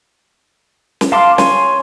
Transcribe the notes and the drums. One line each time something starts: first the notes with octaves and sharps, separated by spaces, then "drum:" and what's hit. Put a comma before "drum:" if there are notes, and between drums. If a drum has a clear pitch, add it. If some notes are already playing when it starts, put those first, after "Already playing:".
drum: snare
F5 A5 C6 D6
C#5 G#5 C6 C#6, drum: snare